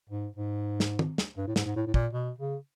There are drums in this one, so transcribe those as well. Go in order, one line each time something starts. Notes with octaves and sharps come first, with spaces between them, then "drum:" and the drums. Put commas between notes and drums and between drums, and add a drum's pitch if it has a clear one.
G#2
G#2
drum: snare
drum: tom
drum: snare
G2
A2
G#2, drum: snare
G#2
A2
A2
A#2, drum: kick
B2
C#3